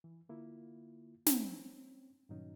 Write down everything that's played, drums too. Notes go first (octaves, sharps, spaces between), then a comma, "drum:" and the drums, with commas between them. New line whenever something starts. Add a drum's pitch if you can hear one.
E3
D3 A#3 E4 F4
C4 C#4, drum: snare
G2 A#2 D#3 F#3 C#4 D#4